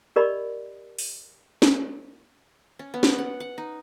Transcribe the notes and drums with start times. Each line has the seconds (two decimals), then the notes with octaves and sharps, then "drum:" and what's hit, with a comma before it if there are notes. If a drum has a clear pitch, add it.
0.16 G4 A#4 D5 D#5 B5
0.99 drum: open hi-hat
1.62 drum: snare
2.79 C#4
2.94 B3
3.03 drum: snare
3.19 F#5
3.40 F#5
3.58 D#4